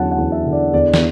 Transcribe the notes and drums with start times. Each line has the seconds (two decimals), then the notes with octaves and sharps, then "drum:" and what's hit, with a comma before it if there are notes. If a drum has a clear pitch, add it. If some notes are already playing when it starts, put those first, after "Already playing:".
Already playing: E2 D3 F#3 C#4 F#5 A5
0.12 F#5
0.18 E2
0.32 E5
0.46 D3
0.53 D5
0.73 E2 D5
0.94 drum: snare